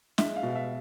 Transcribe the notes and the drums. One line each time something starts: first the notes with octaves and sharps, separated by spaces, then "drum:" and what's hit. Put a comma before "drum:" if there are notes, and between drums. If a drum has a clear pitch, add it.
G#3 E5, drum: snare
F5
B2
F5
E5